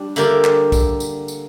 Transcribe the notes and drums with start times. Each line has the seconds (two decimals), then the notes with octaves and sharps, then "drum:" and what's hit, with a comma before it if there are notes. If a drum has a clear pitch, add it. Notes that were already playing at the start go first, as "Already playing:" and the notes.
Already playing: G3 D4
0.16 D3 A#3 G4 A#4 D5, drum: tambourine
0.44 drum: clap
0.72 drum: kick B1, tambourine
1.00 drum: tambourine
1.28 drum: tambourine